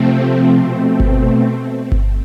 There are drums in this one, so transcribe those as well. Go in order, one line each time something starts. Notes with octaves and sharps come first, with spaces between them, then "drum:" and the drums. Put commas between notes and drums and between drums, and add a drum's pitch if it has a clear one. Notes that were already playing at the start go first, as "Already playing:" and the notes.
Already playing: C3 F3 A3 C4
B2 A3 C4
drum: kick G1
drum: kick G1